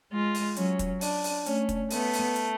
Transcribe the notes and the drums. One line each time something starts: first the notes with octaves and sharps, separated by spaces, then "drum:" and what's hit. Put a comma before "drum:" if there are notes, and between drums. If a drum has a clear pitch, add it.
G#3 F4
drum: open hi-hat
F#3 C#4, drum: hi-hat
drum: kick, hi-hat
D4, drum: open hi-hat
drum: open hi-hat
A3 C#4, drum: hi-hat
drum: kick, hi-hat
A3 B3, drum: open hi-hat
drum: open hi-hat
drum: hi-hat